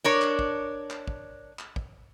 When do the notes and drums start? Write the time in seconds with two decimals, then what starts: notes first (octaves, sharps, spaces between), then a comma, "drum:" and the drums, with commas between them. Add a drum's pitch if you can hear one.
0.04 D4 A#4 C#5
0.22 drum: clap
0.39 drum: kick
0.90 drum: clap
1.07 drum: kick
1.59 drum: clap
1.76 drum: kick